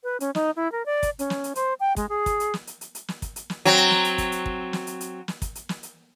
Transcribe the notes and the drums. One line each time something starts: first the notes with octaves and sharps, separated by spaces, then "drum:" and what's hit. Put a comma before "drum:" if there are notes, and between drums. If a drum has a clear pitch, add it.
B4
C#4, drum: hi-hat
D#4, drum: snare
E4
A#4
D5
drum: kick, hi-hat
C#4, drum: hi-hat
drum: snare
drum: hi-hat
C5, drum: hi-hat
G5
G#3, drum: kick, hi-hat
G#4
drum: kick, hi-hat
drum: hi-hat
drum: snare
drum: hi-hat
drum: hi-hat
drum: hi-hat
drum: snare
drum: kick, hi-hat
drum: hi-hat
drum: snare
F#3 C4, drum: hi-hat
drum: hi-hat
drum: snare
drum: hi-hat
drum: kick, hi-hat
drum: hi-hat
drum: kick
drum: snare
drum: hi-hat
drum: hi-hat
drum: snare
drum: kick, hi-hat
drum: hi-hat
drum: snare
drum: hi-hat